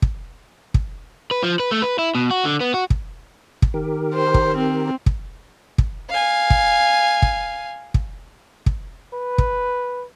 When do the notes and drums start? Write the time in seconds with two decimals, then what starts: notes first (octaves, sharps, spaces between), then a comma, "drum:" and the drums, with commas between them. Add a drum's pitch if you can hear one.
0.02 drum: kick
0.74 drum: kick
1.31 B4
1.43 F3
1.60 B4
1.71 A3
1.82 B4
1.99 E4
2.15 B2
2.31 F#4
2.45 D3
2.61 B3
2.74 F#4
2.90 drum: kick
3.62 drum: kick
3.74 D#3 G4 A#4
4.15 C5
4.34 drum: kick
4.56 C4
5.06 drum: kick
5.78 drum: kick
6.10 F5 G#5
6.50 drum: kick
7.22 drum: kick
7.94 drum: kick
8.66 drum: kick
9.14 B4
9.38 drum: kick